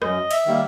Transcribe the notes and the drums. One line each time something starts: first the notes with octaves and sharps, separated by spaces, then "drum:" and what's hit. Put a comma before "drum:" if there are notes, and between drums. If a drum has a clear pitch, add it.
F#2 D#5, drum: rim click
E5, drum: cymbal
D#3 G3 A#3